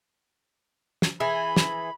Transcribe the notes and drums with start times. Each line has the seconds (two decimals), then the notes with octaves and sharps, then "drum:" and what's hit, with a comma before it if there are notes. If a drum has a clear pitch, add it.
1.02 drum: snare
1.20 E3 G#4 B5
1.56 drum: snare